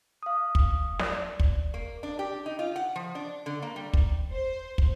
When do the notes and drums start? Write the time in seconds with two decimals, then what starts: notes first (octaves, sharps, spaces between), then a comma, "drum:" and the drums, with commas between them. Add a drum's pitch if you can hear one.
0.23 F5 D#6
0.55 drum: kick
0.99 D5, drum: snare
1.40 drum: kick
1.74 A#3
2.03 D4
2.19 G4
2.46 D#4
2.59 F4
2.76 F#5
2.96 F3
3.15 D4
3.46 D3
3.62 A#3
3.76 G3
3.93 drum: kick
4.31 C5
4.78 drum: kick